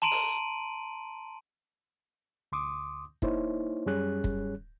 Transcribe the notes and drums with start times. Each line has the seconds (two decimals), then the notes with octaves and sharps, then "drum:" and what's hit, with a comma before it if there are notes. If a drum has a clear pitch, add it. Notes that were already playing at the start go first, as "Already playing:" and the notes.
0.02 A5 A#5 C6 D7 D#7 F#7
0.11 drum: open hi-hat
2.52 D2 C6 D6 D#6
3.22 A#3 D#4 E4 C5 C#5, drum: kick
3.86 F#2 G3 C#4 G#4 C#5 F#6
4.24 drum: kick